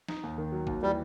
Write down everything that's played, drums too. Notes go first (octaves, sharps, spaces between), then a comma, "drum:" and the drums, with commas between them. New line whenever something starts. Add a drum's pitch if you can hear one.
D#4, drum: snare
D#2
D#3
F#3
D#2, drum: kick
E3 G3